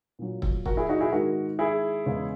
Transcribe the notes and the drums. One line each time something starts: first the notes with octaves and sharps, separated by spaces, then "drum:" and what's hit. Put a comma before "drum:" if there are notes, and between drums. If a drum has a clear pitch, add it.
A#2 F#3
drum: kick
F#4 A#4, drum: kick
E4 G#4
D#4 F#4
E4 G#4
G#2 D#3 G#3 F#4 A#4
E4 G#4
E2 C#3 G#3